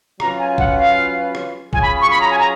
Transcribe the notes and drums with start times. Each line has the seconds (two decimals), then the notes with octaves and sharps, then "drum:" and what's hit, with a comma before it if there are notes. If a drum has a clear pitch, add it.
0.20 F#3 C#4 F4 B4 A#5, drum: rim click
0.39 G#5
0.58 F#5, drum: kick A1
0.77 F5
1.35 drum: rim click
1.73 F#3 C#4 F4 G#4 C#5 G#5, drum: kick A1
1.83 B5
2.01 C#6
2.11 B5
2.21 A#5
2.31 G#5
2.40 A#5